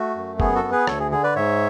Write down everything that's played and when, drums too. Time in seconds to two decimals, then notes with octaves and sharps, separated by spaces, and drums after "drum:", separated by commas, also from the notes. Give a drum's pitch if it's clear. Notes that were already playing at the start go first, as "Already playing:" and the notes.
Already playing: A3 F#4
0.15 F#2
0.40 B3 G#4, drum: kick F1
0.55 F#4 A4
0.64 B3
0.72 G#4 B4
0.87 D2 A4 C#5, drum: rim click
1.00 G#4
1.11 D3 G#4
1.23 B4 D5
1.36 G#2 C#5 E5